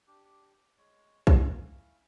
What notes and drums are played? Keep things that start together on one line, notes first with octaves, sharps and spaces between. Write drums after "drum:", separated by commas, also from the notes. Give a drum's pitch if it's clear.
D4 G4
G#3 C#5
C#4 E4 F5, drum: kick